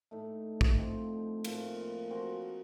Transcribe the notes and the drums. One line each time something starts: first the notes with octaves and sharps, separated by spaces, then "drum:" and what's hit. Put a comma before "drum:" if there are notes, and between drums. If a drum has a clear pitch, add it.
A2 A3 D#4
drum: kick
A2 F3 C4 D#4
A2 F3 A#3 F4, drum: cymbal
F3 C4 F#4 A#4